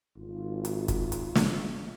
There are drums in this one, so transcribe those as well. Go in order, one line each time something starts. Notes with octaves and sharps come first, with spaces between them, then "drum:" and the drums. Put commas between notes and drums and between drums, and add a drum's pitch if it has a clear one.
G#1 F4
drum: hi-hat
drum: kick, hi-hat
drum: hi-hat
drum: snare